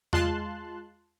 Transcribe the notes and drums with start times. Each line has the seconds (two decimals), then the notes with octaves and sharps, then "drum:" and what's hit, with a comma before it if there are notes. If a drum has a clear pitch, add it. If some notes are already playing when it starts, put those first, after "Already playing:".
0.13 G#3 F4 A5 C6 F#6, drum: tom E2